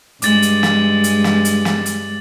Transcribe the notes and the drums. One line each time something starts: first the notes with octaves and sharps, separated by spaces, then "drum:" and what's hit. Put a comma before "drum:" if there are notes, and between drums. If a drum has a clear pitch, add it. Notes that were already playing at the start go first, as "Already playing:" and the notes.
G2 G#3 D6 A6 F#7, drum: hi-hat
drum: hi-hat
drum: snare
drum: hi-hat
drum: snare
drum: hi-hat
drum: snare
drum: hi-hat